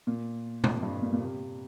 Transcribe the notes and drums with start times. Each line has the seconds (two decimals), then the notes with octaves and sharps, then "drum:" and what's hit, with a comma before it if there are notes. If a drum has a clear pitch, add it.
0.07 A#2
0.64 F2, drum: tom
0.77 F2
0.83 G2
1.02 A#2
1.12 A#2
1.20 C3